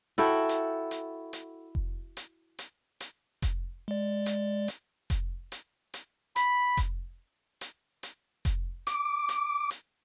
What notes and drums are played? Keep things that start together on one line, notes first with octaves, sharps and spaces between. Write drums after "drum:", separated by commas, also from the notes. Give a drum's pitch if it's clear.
E4 F#4 A4 G5
drum: hi-hat
drum: hi-hat
drum: hi-hat
drum: kick F1
drum: hi-hat
drum: hi-hat
drum: hi-hat
drum: kick F1, hi-hat
G#3 D5
drum: hi-hat
drum: hi-hat
drum: kick F1, hi-hat
drum: hi-hat
drum: hi-hat
B5, drum: hi-hat
drum: kick F1, hi-hat
drum: hi-hat
drum: hi-hat
drum: kick F1, hi-hat
D6, drum: hi-hat
drum: hi-hat
drum: hi-hat